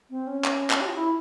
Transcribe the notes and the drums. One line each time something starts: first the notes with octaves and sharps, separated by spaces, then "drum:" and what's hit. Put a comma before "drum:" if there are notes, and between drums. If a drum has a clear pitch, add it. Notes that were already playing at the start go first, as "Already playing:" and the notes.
C4
C#4
drum: clap
drum: clap
G4
F4
E4